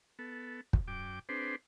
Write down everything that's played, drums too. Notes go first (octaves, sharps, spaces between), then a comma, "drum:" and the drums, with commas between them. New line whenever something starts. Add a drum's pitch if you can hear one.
B3 A4
drum: kick
F#2 G5 D6
C4 D4 G#4 B4 C5